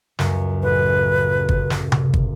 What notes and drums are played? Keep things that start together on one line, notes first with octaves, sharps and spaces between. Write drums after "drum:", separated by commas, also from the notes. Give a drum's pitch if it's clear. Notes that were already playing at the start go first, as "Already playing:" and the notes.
C#2 F#2, drum: snare
A1 B4
drum: kick
drum: snare
drum: tom C3
drum: kick